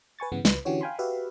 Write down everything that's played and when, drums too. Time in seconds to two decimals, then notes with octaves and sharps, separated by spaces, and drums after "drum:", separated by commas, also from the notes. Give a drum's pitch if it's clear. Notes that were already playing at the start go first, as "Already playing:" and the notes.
0.19 B4 G#5 C#6 A6
0.32 G2 C#3 E3 B3
0.45 C#2 B4, drum: snare
0.65 D3 E3 C#4 F#4 G4 C#5
0.81 F5 G5 G#5 B5 C6
0.99 F#4 G4 B4 E5 F5